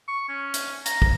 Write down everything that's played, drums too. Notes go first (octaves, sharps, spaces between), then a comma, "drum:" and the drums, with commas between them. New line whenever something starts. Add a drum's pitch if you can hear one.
C#6
C#4
drum: hi-hat
A#5, drum: hi-hat
drum: kick